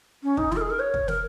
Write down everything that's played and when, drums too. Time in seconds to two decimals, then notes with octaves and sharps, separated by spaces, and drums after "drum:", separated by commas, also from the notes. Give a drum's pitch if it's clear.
0.23 C#4
0.37 D#4, drum: kick
0.52 F4, drum: snare
0.56 A#4
0.61 G#4
0.70 A#4
0.79 C#5
0.94 drum: kick
1.08 A#4, drum: snare